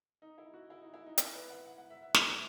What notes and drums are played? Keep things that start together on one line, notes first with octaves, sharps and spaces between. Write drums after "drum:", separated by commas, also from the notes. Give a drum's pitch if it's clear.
D#4
E4
F#4
E4
D#4
E4
D#4
E4, drum: hi-hat
B4
F#5
F#5
F#5
E5
E5
D#5, drum: snare
E5